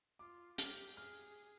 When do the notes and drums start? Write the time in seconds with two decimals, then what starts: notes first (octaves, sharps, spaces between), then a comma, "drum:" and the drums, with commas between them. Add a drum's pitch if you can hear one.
0.19 F4 D6
0.58 G4 F6, drum: hi-hat
0.97 G#4 F6